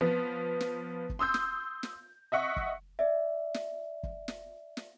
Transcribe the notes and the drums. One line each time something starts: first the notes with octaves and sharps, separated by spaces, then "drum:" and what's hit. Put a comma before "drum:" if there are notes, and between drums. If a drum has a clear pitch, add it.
F3 B3
drum: snare
drum: kick F#1
C6 D#6 E6 G6
drum: snare
drum: snare
D#5 E5 F#5 C#6
drum: kick F#1
D5 E5
drum: snare
drum: kick F#1
drum: snare
drum: snare